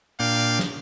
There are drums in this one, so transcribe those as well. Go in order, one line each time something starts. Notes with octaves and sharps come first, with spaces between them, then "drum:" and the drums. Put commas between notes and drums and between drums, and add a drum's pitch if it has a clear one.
A#2 D4 F5 G5
drum: hi-hat
drum: snare